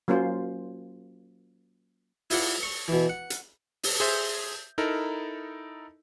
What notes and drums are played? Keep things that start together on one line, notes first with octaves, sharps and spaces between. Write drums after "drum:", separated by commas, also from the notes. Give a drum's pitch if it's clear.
F#3 A#3 C#4 F4 C5
E4 F4 D5 F#5, drum: open hi-hat
C#6
B2 E3
F#5
drum: hi-hat
drum: open hi-hat
G#4 C5 E5 G6
D#4 E4 A4 A#4